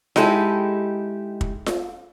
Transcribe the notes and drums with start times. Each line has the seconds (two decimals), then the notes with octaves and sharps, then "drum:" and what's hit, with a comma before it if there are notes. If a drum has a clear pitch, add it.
0.16 G#3 D#4 E4 G4 A4, drum: snare F4
1.41 drum: kick
1.66 drum: snare F4